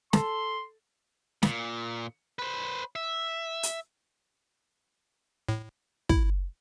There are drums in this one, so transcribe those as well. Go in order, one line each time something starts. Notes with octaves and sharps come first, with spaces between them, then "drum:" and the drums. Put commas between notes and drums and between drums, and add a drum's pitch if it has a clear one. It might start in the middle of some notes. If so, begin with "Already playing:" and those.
A4 C6, drum: snare
A#2, drum: snare
B4 C5
E5
drum: hi-hat
A2
E4, drum: kick